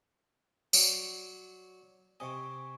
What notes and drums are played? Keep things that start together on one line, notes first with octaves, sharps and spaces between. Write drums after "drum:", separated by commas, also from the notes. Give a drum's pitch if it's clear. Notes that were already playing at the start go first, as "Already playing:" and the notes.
F#3 D5, drum: tambourine
C3 D#5 G#5 C#6